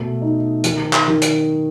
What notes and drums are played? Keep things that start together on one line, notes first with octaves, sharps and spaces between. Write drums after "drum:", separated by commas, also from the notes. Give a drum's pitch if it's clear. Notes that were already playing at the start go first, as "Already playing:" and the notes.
Already playing: B2 A3
D#4
D#3, drum: hi-hat
drum: clap
D#3
drum: hi-hat